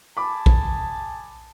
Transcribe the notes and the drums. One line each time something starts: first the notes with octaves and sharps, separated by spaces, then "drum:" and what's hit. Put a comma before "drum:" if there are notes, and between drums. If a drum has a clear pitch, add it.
G#4 G#5 A5 B5 D6
drum: kick A#1